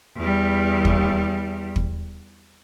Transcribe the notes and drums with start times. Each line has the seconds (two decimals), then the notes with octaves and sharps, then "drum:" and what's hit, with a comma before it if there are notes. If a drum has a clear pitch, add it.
0.17 E2 G3
0.85 drum: kick
1.76 drum: kick